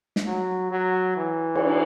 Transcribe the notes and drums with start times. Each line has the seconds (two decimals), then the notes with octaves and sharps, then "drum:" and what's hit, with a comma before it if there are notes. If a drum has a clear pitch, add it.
0.16 drum: snare
0.26 F#3
0.71 F#3
1.17 E3
1.55 drum: cymbal